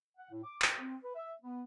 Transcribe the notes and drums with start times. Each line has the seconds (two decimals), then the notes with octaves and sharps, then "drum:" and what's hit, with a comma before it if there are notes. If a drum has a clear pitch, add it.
0.18 F#5
0.31 A2
0.44 D6
0.62 G5, drum: clap
0.79 C4
1.04 B4
1.15 E5
1.42 B3